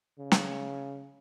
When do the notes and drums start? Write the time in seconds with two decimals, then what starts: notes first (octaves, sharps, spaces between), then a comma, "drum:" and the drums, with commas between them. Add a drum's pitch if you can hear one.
0.19 C#3
0.32 drum: snare